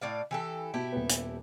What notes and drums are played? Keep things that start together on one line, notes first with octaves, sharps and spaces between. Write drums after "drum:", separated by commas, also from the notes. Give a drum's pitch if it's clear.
A2 D5 F5
E3 G4 A4
B2 E4 G4 A4
D#1 B3
drum: hi-hat